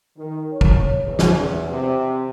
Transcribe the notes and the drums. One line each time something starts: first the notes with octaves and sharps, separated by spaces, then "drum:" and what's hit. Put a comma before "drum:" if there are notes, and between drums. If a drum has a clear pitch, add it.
D#3
C#5
drum: kick
E2
drum: snare
C3